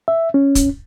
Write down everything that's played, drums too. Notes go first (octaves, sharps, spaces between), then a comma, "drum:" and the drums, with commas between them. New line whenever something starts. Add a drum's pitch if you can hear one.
E5
C#4
drum: kick, hi-hat